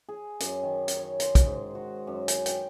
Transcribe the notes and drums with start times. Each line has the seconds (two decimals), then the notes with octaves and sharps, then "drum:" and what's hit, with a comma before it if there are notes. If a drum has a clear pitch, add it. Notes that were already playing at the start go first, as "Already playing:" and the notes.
0.09 G#4
0.40 F#2, drum: hi-hat
0.63 D#3
0.88 drum: hi-hat
0.97 C#5
1.20 C6, drum: hi-hat
1.35 drum: kick, hi-hat
1.47 G#2
1.75 F#4
2.07 F#2
2.28 G#5, drum: hi-hat
2.46 G5, drum: hi-hat